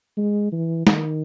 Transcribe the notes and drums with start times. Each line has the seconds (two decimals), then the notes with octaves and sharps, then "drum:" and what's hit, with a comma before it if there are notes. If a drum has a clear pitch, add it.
0.17 G#3
0.52 E3
0.87 D#3, drum: snare